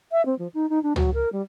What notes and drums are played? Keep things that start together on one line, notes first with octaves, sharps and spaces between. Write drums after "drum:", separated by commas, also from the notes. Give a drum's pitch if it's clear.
E5
C4
F3
D#4
D#4
D4
F#3, drum: tom
A#4
G3